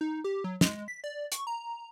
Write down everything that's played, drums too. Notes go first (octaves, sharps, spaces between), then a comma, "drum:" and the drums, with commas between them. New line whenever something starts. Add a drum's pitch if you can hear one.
D#4
G4
F#3
G#3, drum: snare
B6
D5
C#6, drum: hi-hat
A#5